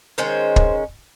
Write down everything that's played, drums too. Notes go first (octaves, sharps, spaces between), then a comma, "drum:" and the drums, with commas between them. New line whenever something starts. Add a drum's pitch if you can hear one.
D#3 G#3 C#4 C5
drum: kick